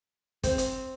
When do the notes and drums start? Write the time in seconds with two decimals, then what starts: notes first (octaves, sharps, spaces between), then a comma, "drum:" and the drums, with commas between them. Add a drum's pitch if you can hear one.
0.43 C4, drum: kick, hi-hat
0.58 drum: hi-hat